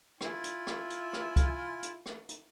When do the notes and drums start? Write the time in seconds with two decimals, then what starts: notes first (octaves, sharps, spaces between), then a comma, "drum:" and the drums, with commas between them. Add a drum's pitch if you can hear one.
0.21 E4 F4 G#5, drum: rim click
0.44 drum: hi-hat
0.67 drum: rim click
0.90 drum: hi-hat
1.13 drum: rim click
1.36 drum: kick, hi-hat
1.83 drum: hi-hat
2.06 drum: rim click
2.29 drum: hi-hat